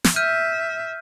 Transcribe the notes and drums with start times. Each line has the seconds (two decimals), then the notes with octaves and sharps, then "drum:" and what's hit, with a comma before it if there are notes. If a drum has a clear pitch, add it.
0.04 drum: snare
0.16 E5 F6 G6 D#7